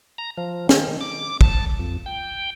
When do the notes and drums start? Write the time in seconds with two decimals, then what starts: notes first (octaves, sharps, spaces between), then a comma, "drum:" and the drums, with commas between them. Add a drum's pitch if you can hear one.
0.18 A#5
0.38 F3
0.69 D#3, drum: snare
0.89 D#3
1.01 D6
1.41 A5, drum: kick
1.79 F2
2.06 G5